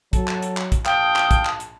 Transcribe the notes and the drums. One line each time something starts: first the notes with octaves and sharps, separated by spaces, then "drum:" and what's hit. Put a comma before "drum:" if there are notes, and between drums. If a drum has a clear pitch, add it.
F#3 A4, drum: kick, hi-hat
drum: clap
drum: hi-hat
drum: clap
drum: kick, hi-hat
A#1 F5 G5 A5 D#6, drum: clap
drum: clap
drum: kick, hi-hat
drum: clap
drum: hi-hat